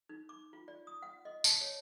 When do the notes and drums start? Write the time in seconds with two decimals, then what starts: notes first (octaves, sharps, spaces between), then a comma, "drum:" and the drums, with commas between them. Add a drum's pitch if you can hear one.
0.09 D#4
0.29 D6
0.53 F4
0.68 D5
0.87 D#6
1.02 F#5
1.25 D#5
1.44 A5, drum: tambourine
1.61 C#5